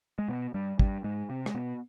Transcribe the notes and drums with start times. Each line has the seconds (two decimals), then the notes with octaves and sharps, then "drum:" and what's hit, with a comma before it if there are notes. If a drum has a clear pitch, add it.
0.19 G#3
0.28 B2 B3
0.54 G2 G3
0.79 G2 G3, drum: kick
1.04 G#2 G#3
1.30 C3 C4
1.46 G#3, drum: rim click
1.54 B2 B3